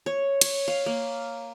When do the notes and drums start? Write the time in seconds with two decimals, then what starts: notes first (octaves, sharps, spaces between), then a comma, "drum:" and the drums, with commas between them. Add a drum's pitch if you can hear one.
0.06 C#5
0.41 C#5, drum: cymbal
0.68 F5
0.86 A#3